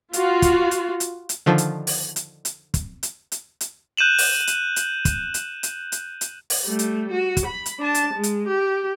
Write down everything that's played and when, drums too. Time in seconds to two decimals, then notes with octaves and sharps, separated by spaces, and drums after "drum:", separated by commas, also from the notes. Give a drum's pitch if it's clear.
0.13 F4 F#4, drum: hi-hat
0.42 drum: kick, hi-hat
0.71 drum: hi-hat
1.00 drum: hi-hat
1.29 drum: hi-hat
1.46 D3 D#3 F3
1.58 drum: hi-hat
1.87 drum: open hi-hat
2.16 drum: hi-hat
2.45 drum: hi-hat
2.74 drum: kick, hi-hat
3.03 drum: hi-hat
3.32 drum: hi-hat
3.61 drum: hi-hat
3.97 F#6 G6 D#7 E7 F#7
4.18 drum: open hi-hat
4.47 drum: hi-hat
4.76 drum: hi-hat
5.05 drum: kick, hi-hat
5.34 drum: hi-hat
5.63 drum: hi-hat
5.92 drum: hi-hat
6.21 drum: hi-hat
6.50 drum: open hi-hat
6.65 G3 A3
6.79 drum: hi-hat
7.11 F#4
7.37 drum: kick, hi-hat
7.46 B5
7.66 drum: hi-hat
7.80 D4 A5
7.95 drum: hi-hat
8.14 G#3
8.23 drum: hi-hat
8.48 G4